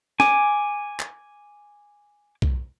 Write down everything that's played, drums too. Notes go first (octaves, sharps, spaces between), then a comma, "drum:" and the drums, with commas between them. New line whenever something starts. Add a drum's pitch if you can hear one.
G#5 D6, drum: snare
drum: clap
drum: kick